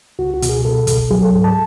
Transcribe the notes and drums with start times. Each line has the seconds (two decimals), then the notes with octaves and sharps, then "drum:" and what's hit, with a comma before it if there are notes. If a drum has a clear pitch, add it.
0.19 C#2 F#4
0.34 F#4
0.42 B2, drum: hi-hat
0.49 G#4
0.65 B2 A4
0.87 C#2, drum: kick, hi-hat
1.10 F#3 G#4
1.22 A4
1.33 G#2
1.44 A5